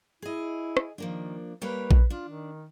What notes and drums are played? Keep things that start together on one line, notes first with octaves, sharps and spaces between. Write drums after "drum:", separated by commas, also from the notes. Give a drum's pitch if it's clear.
E4 G#4 D#5
drum: rim click
D#3 F3 A#3 D4
G3 A#3 B4 C#5
drum: kick A#1
D4 F4
D#3